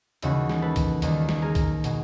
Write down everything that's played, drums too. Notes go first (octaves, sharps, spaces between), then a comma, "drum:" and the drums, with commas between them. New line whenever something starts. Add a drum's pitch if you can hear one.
D#2 C#3 E3 G#3 E4 F#4, drum: hi-hat
drum: snare
A4 B4
drum: kick, hi-hat
D#2 D#3 G3, drum: hi-hat
drum: snare
G#4 A#4
drum: kick, hi-hat
B2 G#3, drum: hi-hat